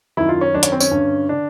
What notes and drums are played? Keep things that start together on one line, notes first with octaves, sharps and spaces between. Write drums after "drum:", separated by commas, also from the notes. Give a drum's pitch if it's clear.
F#2 D#3 E4
F4
C#4
F#2 D#3 D4
C#4, drum: hi-hat
C4
C#4, drum: tambourine
G2 D3
D3 D4